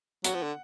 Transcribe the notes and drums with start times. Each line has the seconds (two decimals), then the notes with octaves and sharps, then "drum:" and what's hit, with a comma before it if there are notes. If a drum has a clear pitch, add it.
0.24 F#3 F#5, drum: hi-hat
0.34 F3
0.43 D3